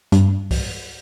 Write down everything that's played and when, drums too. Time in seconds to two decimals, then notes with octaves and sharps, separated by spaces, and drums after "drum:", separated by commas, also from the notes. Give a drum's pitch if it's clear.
0.12 G2, drum: hi-hat
0.51 drum: kick C2, open hi-hat